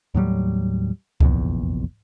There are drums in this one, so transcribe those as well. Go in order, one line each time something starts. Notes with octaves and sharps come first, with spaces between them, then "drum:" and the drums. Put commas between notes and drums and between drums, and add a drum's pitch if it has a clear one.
D#2 A2 F#3 G3
F1 A#1 E2, drum: kick C#2